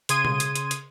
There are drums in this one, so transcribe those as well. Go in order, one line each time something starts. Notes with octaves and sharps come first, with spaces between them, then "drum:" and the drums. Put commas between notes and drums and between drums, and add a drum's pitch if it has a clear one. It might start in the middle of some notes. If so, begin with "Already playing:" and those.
C#3 C6 D#6 G#6 D#7, drum: hi-hat
drum: tom B2
drum: hi-hat
drum: hi-hat
drum: hi-hat